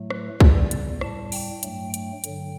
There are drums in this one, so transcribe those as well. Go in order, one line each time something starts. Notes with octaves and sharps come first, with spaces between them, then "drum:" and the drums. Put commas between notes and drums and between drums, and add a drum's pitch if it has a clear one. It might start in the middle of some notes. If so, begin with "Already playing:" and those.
Already playing: A2 F#3 A3
B4, drum: rim click
E2 C#3 G3 D5, drum: kick C2
drum: hi-hat
A2 G3 A5, drum: rim click
G5, drum: open hi-hat
G2 F#3 A3, drum: hi-hat
G5, drum: hi-hat
G2 D3 F#3, drum: hi-hat